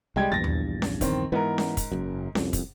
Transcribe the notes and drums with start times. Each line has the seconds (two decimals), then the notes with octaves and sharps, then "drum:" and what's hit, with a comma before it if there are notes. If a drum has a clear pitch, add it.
0.16 C2 G3 G#3 G5 G#6
0.32 A#1 E2 G2 A6 A#6
0.44 drum: tom D#2
0.82 drum: snare C#4
1.01 D#3 C4, drum: kick, hi-hat
1.32 G#2 E3 B3 A#4
1.58 drum: snare C#4
1.77 drum: kick, hi-hat
1.92 F#1 F#2
2.35 C2 F2, drum: snare C#4
2.53 drum: kick, hi-hat